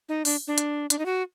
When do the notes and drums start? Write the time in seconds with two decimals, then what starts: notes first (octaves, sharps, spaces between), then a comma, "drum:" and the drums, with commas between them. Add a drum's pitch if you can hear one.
0.09 D#4
0.25 D4, drum: open hi-hat
0.47 D4
0.58 drum: hi-hat
0.90 D4, drum: hi-hat
0.99 D#4
1.06 F#4